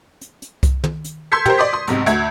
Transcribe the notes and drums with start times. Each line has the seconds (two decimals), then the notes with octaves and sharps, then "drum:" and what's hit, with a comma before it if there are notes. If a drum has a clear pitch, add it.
0.21 drum: hi-hat
0.42 drum: hi-hat
0.63 drum: kick C2, hi-hat
0.84 drum: tom
1.04 drum: hi-hat
1.32 C6 E6 G6 G#6 B6 C#7
1.46 G4 A#4 C5, drum: tom
1.58 D5 C6 D6 D#6 B6
1.73 C6 D#6
1.87 B1 G#2 C3, drum: hi-hat
2.06 D2 E5 G#6, drum: hi-hat